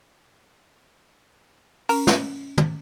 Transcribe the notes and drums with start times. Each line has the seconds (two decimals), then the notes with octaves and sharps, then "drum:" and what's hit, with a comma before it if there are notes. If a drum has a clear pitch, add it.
1.89 C#4 A#4, drum: open hi-hat
2.07 drum: snare
2.58 drum: tom